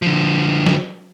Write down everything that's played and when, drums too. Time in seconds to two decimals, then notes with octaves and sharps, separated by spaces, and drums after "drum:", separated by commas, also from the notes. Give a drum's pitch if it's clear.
0.02 D3 F3
0.66 drum: snare